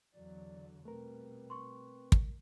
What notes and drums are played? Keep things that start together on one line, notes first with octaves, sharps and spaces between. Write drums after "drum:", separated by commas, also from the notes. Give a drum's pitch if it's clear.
E2 D3 F#3 D5
B2 G3 A3 C4 A#4 B4
C6 C#6
drum: kick